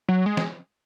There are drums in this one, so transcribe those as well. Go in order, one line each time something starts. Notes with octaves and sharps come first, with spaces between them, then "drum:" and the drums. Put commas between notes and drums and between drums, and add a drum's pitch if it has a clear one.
F#3
G#3
drum: snare